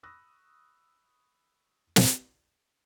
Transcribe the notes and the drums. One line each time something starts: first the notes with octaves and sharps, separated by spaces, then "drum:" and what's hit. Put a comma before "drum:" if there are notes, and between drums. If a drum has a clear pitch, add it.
B5 C#6 D#6 E6 F#6 A#6
drum: snare